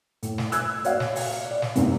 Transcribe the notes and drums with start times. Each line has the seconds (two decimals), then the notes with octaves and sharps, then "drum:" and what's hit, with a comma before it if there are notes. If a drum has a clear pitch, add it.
0.23 A2, drum: hi-hat
0.38 drum: snare
0.52 E6 F#6 G#6, drum: hi-hat
0.84 F#4 C#5 D5 E5 F5, drum: hi-hat
1.00 drum: snare
1.16 drum: open hi-hat
1.51 D5
1.62 drum: snare
1.76 E2 G#2 C3, drum: hi-hat